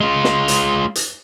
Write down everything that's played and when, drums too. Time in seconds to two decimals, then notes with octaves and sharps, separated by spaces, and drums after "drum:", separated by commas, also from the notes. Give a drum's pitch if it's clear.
0.01 G#3 F4
0.24 drum: snare
0.48 drum: hi-hat
0.95 drum: hi-hat